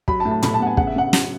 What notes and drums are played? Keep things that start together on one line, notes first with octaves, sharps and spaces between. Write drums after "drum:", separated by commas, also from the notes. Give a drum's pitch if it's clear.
F#3 B5, drum: kick
A5
A2
A5
A2 B5, drum: tom
A5
B3 F#5
G#5
C#3 F#5, drum: kick
E5
C#3 F#5
F#3, drum: snare